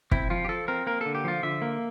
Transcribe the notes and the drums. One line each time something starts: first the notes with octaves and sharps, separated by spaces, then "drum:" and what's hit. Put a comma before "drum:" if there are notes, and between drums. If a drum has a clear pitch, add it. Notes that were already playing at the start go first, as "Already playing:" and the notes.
C4 E4, drum: kick
F3 F4
G4
F3 A4
C4 A#4
A#3 A#4
D3 A4
G4
F3 F4
D3 E5
A#3